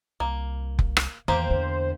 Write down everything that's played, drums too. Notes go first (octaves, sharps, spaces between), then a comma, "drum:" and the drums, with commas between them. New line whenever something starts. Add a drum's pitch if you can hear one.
C2 A#3
drum: kick F1
drum: rim click
E2 E3 A#3 G4 C5
D3